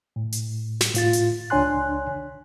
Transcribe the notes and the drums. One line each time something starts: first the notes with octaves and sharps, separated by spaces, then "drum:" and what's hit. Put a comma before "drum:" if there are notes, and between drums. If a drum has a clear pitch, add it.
A2
drum: hi-hat
drum: snare
A2 F4 A6, drum: hi-hat
drum: hi-hat
C#2 D4 C#5 G#5 C6 F#6